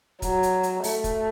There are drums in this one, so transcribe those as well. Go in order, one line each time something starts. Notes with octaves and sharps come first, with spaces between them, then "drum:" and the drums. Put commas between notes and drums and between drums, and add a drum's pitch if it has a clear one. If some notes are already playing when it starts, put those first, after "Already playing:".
F#3, drum: kick, hi-hat
drum: hi-hat
drum: hi-hat
A3, drum: open hi-hat
drum: kick, hi-hat